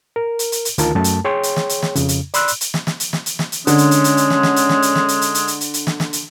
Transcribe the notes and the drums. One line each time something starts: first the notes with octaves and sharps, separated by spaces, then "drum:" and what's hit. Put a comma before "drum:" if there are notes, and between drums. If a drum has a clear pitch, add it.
A#4
drum: hi-hat
drum: hi-hat
drum: hi-hat
D2 D#3 F4 A#4 A5, drum: hi-hat
F#2 A3 A5
drum: hi-hat
G#4 C#5 G5 C6
drum: hi-hat
drum: snare
drum: hi-hat
drum: snare
F2 C#3, drum: hi-hat
drum: hi-hat
D5 B5 C6 E6 F#6, drum: hi-hat
drum: hi-hat
drum: hi-hat
drum: snare
drum: snare
drum: hi-hat
drum: snare
drum: hi-hat
drum: snare
drum: hi-hat
D3 G#3 C#4, drum: hi-hat
drum: hi-hat
drum: hi-hat
drum: hi-hat
drum: hi-hat
drum: snare
drum: snare
drum: hi-hat
drum: snare
drum: hi-hat
drum: snare
drum: hi-hat
drum: hi-hat
drum: hi-hat
drum: hi-hat
drum: hi-hat
drum: hi-hat
drum: snare
drum: snare
drum: hi-hat